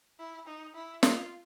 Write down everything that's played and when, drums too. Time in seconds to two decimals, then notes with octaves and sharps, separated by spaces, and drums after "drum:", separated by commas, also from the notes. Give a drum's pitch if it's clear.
0.19 E4
0.47 D#4
0.74 E4
1.03 F4, drum: snare